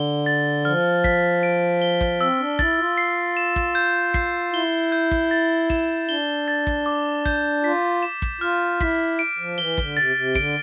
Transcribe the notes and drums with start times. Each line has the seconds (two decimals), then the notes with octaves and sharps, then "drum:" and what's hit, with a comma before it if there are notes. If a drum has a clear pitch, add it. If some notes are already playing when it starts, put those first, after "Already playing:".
Already playing: D3 G7
0.26 A6
0.65 F3 F6
1.04 B6, drum: kick
1.43 D7
1.82 G7
2.01 drum: kick
2.20 C4 E6
2.40 D4
2.59 E4 A6, drum: kick
2.79 F4
2.98 C7
3.37 E7
3.56 drum: kick
3.75 G6
4.14 C7, drum: kick
4.53 E4 G7
4.92 G6
5.11 drum: kick
5.31 A6
5.70 E7, drum: kick
6.09 D4 G7
6.48 A6
6.67 drum: kick
6.86 D6
7.26 G6, drum: kick
7.64 F4 B6
8.03 E7
8.22 drum: kick
8.41 F4 F6
8.80 E4 B6, drum: kick
9.19 D7
9.38 F3
9.58 E3 G7
9.78 D3, drum: kick
9.97 C3 A6
10.16 C3
10.35 D3 D7, drum: kick